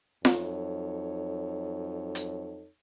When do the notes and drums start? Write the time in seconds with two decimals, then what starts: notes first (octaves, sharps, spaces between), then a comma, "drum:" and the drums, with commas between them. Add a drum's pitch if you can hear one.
0.25 F2 F#3 D#4 A4 C#5, drum: snare F4
2.15 drum: hi-hat